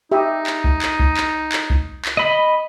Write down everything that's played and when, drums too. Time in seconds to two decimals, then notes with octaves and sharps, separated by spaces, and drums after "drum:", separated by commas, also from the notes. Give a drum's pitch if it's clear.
0.12 D#4 G4 E5
0.47 drum: clap
0.64 drum: kick C2
0.82 drum: clap
1.00 drum: kick C2
1.17 drum: clap
1.52 drum: clap
1.70 drum: kick C2
2.05 drum: clap
2.17 D#5 B5